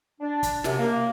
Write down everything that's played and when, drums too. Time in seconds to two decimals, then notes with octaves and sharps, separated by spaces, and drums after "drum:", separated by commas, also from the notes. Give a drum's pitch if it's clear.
0.21 D4
0.43 drum: kick, hi-hat
0.64 F#2 C3, drum: snare
0.78 A#3